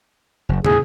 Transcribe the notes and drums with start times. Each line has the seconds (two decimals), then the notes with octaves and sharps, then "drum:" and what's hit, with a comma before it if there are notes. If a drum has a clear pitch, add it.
0.49 F#1
0.65 E2 A2 G#4, drum: tom